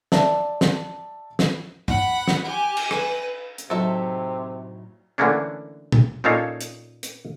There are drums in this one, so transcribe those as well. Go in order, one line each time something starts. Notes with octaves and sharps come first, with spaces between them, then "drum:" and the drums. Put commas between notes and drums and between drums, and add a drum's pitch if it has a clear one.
D5 E5 A5, drum: snare
drum: snare
drum: snare
F#5 B5, drum: tom G2
drum: snare
G4 G#5
drum: cymbal
B4, drum: rim click
drum: hi-hat
A2 C3 F#3 D#4 A4 E5
D3 E3 A3 A#3 C#4 D4
drum: tom
A#2 C#4 D#4 A4 C#5 F5
drum: hi-hat
drum: hi-hat